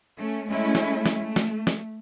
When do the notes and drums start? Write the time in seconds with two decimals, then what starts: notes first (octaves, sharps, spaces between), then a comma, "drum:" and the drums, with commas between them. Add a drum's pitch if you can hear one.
0.17 A3 C#4
0.49 G#3 A3 C#4 E4
0.75 drum: snare
1.06 drum: snare
1.21 A3
1.36 drum: snare
1.67 drum: snare